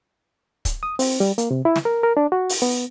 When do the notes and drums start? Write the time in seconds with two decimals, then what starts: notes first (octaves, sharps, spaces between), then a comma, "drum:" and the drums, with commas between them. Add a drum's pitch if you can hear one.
0.65 drum: kick, hi-hat
0.83 D#6
0.99 C4, drum: open hi-hat
1.20 G3
1.38 A#3, drum: hi-hat
1.51 C3
1.65 E4
1.76 drum: snare
1.85 A#4
2.03 A#4
2.17 D4
2.32 F#4
2.49 drum: open hi-hat
2.62 B3